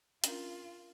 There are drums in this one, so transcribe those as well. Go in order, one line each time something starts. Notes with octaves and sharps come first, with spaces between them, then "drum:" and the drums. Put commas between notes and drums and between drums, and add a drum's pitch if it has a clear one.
C#4 D4 F4 A#4, drum: hi-hat